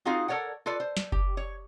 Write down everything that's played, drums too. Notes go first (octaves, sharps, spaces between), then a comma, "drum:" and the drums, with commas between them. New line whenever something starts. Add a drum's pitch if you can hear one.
C4 D#4 F4 F#4 G#4 F5
A4 A#4 C#5 D5 F#5
F4 A4 B4 D5
C5
drum: snare
G4, drum: kick F#1
C#5